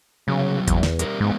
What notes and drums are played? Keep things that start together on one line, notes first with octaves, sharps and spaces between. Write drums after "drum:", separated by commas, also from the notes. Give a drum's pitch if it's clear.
C2 C#3 F#3
E2, drum: kick G1, hi-hat
drum: snare
G3 A#4, drum: hi-hat
G#2 G#3 B3